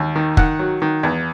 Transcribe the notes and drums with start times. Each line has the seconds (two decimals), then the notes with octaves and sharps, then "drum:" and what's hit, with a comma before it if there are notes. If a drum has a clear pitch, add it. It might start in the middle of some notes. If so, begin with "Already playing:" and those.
Already playing: D#2
0.16 D#3
0.37 D#3 F#5, drum: kick
0.59 F#3
0.82 D#3
1.03 E2